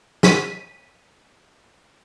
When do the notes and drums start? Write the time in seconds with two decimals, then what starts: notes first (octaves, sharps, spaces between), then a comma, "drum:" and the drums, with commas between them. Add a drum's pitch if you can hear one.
0.23 B6 D#7, drum: snare